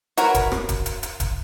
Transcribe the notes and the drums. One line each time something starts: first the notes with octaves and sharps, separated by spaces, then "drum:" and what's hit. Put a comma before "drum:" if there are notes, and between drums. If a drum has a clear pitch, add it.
F#4 A#4 B4 C#5, drum: hi-hat
drum: kick D1, hi-hat
drum: rim click
drum: kick D1, hi-hat
drum: hi-hat
drum: hi-hat
drum: kick D1, hi-hat